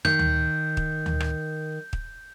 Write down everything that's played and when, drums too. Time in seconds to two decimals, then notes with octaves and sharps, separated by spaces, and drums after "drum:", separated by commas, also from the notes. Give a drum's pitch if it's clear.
0.05 D#3 G6, drum: rim click
0.19 drum: tom D2
0.77 drum: kick
1.06 drum: tom D2
1.20 drum: rim click
1.93 drum: kick